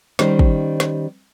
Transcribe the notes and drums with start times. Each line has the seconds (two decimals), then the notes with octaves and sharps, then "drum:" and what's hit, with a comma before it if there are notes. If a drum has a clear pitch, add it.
0.19 D#3 G3 C#4 D#4 C5, drum: snare
0.39 drum: kick
0.80 drum: snare